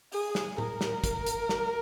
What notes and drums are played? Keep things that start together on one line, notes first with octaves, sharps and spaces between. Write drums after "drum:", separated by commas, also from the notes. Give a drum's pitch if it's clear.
G#4, drum: open hi-hat
drum: snare
A#4, drum: tom A2
drum: snare
drum: kick, hi-hat
drum: hi-hat
drum: snare